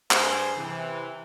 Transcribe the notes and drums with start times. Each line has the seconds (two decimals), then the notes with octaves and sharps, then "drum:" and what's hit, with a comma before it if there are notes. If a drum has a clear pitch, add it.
0.11 G2 G#4 C5, drum: clap
0.56 C3 E3